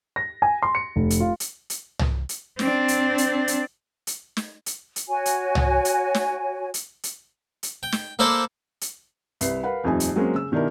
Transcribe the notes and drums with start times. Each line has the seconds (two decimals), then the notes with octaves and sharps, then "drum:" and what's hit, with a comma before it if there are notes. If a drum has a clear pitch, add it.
0.16 A#6
0.42 G#5
0.63 C6
0.75 C#7
0.96 F1
1.10 drum: hi-hat
1.20 F4
1.40 drum: hi-hat
1.70 drum: hi-hat
1.99 drum: tom
2.29 drum: hi-hat
2.59 C4 D4, drum: snare
2.88 drum: hi-hat
3.18 drum: hi-hat
3.48 drum: hi-hat
4.07 drum: hi-hat
4.37 drum: snare
4.66 drum: hi-hat
4.96 drum: hi-hat
5.09 F#4 C#5 G#5
5.26 drum: hi-hat
5.55 drum: tom
5.85 drum: hi-hat
6.15 drum: snare
6.74 drum: hi-hat
7.03 drum: hi-hat
7.63 drum: hi-hat
7.83 G5
7.92 drum: snare
8.19 A#3 E4 A4 C5 D5
8.81 drum: hi-hat
9.41 C2 B4 C7, drum: hi-hat
9.63 A#4 B4 F5 F#5 B5
9.83 D#1 F2 A3 D#4 G#5
10.00 drum: hi-hat
10.16 F#3 G#3 A#3 C4 C#4
10.35 C#3 E6
10.52 B2 D#3 D4 E4 G4 A#4